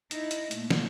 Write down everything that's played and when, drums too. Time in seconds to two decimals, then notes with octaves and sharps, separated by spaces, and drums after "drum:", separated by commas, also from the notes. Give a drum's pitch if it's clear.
0.11 D#4 E4, drum: hi-hat
0.31 drum: hi-hat
0.51 A#2 A3, drum: hi-hat
0.71 drum: snare